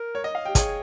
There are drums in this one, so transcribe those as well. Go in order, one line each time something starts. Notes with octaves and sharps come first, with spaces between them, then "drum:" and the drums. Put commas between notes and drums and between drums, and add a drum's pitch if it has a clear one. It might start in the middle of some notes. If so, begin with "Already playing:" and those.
Already playing: A#4
C#5
D#5
F5
G4 G5
G#4 C#5, drum: kick, hi-hat